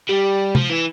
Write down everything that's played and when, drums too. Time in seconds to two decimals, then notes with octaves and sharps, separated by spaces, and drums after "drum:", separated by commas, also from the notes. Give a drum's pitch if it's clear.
0.09 G3
0.55 F3, drum: tom C3
0.70 E3